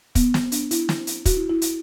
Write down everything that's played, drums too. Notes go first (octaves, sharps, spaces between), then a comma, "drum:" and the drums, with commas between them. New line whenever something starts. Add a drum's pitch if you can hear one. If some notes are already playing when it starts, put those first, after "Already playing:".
B3, drum: kick, hi-hat
drum: snare
D4, drum: hi-hat
E4, drum: hi-hat
drum: snare
drum: hi-hat
F#4, drum: kick, hi-hat
E4
E4
drum: hi-hat